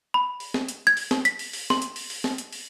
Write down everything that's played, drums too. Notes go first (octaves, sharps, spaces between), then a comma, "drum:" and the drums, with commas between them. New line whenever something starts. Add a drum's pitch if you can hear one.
B5
drum: open hi-hat
drum: snare
drum: hi-hat
G#6
drum: open hi-hat
drum: snare
B6, drum: hi-hat
drum: open hi-hat
drum: open hi-hat
C6, drum: snare
drum: hi-hat
drum: open hi-hat
drum: open hi-hat
drum: snare
drum: hi-hat
drum: open hi-hat